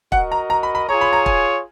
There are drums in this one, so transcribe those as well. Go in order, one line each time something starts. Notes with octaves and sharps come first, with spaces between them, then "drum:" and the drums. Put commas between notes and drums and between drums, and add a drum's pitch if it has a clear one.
F#4 A#4 D#5 F#5, drum: kick
A#5
A#5
B5
B5
F4 G#4 C#5 A#5
B5
A#5
G#5, drum: kick